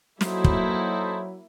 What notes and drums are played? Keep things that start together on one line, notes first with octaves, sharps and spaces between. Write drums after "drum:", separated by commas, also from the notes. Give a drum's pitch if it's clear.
F#3 A#3 D#4 E4 A4 C5, drum: snare
drum: kick